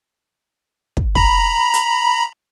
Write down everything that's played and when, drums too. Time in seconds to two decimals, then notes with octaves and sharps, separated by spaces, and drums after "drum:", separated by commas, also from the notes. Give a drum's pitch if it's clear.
0.97 drum: kick
1.15 A#5 B5, drum: kick
1.74 drum: hi-hat